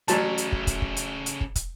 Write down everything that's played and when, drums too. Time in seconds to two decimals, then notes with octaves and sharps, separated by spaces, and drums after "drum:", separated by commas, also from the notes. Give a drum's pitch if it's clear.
0.08 A1 C#3 F#3 A3 A5, drum: hi-hat
0.38 drum: hi-hat
0.52 drum: kick
0.67 drum: kick, hi-hat
0.82 drum: kick
0.97 drum: hi-hat
1.26 drum: hi-hat
1.41 drum: kick
1.55 drum: kick, hi-hat